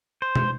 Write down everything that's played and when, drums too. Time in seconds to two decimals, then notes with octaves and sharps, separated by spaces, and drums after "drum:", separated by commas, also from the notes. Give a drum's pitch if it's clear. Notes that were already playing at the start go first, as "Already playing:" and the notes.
0.22 C5
0.35 drum: tom